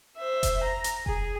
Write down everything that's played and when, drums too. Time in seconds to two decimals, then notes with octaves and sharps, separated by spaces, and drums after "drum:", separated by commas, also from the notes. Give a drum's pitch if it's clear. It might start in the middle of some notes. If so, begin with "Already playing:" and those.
0.17 C5 E5
0.43 drum: kick F1, hi-hat
0.64 A#5
0.84 drum: hi-hat
1.06 G#4, drum: kick F1